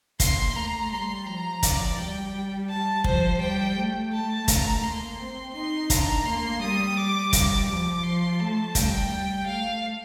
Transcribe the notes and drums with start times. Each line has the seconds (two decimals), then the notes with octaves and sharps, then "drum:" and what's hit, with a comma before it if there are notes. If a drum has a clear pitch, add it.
0.20 A#3 C6, drum: kick, hi-hat
0.56 A3 A#5
0.91 G3 C6
1.26 F3 A#5
1.63 D5, drum: kick, hi-hat
1.99 G3 G5
2.69 A5
3.04 F3 C5, drum: kick
3.40 G3 G5
3.76 A3
4.12 A5
4.48 A#5, drum: kick, hi-hat
4.83 A#3 C6
5.18 C4
5.54 D#4 C6
5.90 D4 A#5, drum: kick, hi-hat
6.25 A#3 C6
6.61 G3 D#6
6.96 G3 D6
7.33 D6, drum: kick, hi-hat
7.68 F3 D6
8.03 F3 C6
8.39 A3 A5
8.75 G3 G5, drum: kick, hi-hat
9.11 G3
9.46 A3 F5